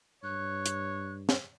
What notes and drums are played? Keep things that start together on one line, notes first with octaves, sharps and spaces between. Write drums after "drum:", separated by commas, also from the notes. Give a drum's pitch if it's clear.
G2 C#5 F#6
drum: hi-hat
drum: snare